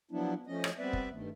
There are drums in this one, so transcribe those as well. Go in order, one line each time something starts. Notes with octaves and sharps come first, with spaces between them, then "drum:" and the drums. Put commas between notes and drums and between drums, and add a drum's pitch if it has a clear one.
F3 F#3 B3 D4 E4
F3 A3 C#4 D#5
drum: rim click
G3 B3 C4 B4 D5 E5
drum: kick
G2 D#3 A3